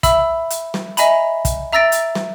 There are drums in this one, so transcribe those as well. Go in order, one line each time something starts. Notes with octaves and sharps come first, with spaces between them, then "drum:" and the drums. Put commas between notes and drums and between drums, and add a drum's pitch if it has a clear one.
E5 B5 E6, drum: kick, hi-hat
drum: hi-hat
drum: snare
D#5 E5 G#5 A#5 B5, drum: hi-hat
drum: kick, hi-hat
E5 A#5 E6 A6 A#6 D7
drum: hi-hat
drum: snare